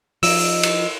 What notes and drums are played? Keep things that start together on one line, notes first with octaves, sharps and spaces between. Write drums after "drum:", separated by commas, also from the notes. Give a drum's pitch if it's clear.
F3 D#4 D#5 E6, drum: open hi-hat
drum: cymbal